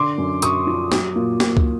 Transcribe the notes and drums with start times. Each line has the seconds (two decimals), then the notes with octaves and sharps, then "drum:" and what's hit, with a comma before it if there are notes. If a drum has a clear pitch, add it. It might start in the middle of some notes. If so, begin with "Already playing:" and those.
Already playing: D3 C6 D6
0.18 F#2
0.42 F#2 C#6 D#6, drum: hi-hat
0.67 F3
0.92 F#3, drum: snare
1.16 A#2
1.40 A#2, drum: snare
1.57 drum: kick